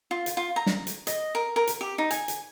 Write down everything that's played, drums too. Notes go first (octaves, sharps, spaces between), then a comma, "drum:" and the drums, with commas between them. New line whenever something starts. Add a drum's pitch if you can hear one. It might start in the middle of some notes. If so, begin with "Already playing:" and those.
F4
drum: hi-hat
F4
A#5
drum: snare
drum: hi-hat
D#5, drum: hi-hat
A#4
A#4
drum: hi-hat
G4
D#4
G#5, drum: hi-hat
drum: hi-hat